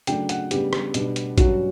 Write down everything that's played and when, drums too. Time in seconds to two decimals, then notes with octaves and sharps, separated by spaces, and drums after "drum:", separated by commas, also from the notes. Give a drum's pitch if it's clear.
0.07 C#3 F#3 A3 D4 G5, drum: hi-hat
0.29 F#5, drum: hi-hat
0.51 C#3 G3 B3 D4 G4, drum: hi-hat
0.73 drum: rim click
0.94 B2 G3 B3 D4, drum: hi-hat
1.16 drum: hi-hat
1.38 G2 F#3 C#4 F#4, drum: kick A#1, hi-hat